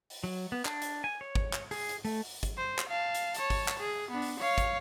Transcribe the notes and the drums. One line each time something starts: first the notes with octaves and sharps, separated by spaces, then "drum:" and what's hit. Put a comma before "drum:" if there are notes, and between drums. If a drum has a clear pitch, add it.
drum: open hi-hat
F#3
B3
D4, drum: clap
drum: hi-hat
G#5
C#5
drum: kick
drum: clap
G#4, drum: open hi-hat
drum: hi-hat
A3, drum: open hi-hat
drum: open hi-hat
drum: kick, hi-hat
C5
drum: clap
F5 A5
drum: hi-hat
C#5 A5, drum: hi-hat
drum: kick, open hi-hat
drum: clap
G#4
B3 D4
drum: open hi-hat
C#5 F5
drum: kick, hi-hat